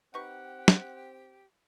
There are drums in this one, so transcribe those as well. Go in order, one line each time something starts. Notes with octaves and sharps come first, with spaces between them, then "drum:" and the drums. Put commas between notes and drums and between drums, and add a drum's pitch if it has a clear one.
C4 D#4 G4 B4 F#5 C#6
drum: snare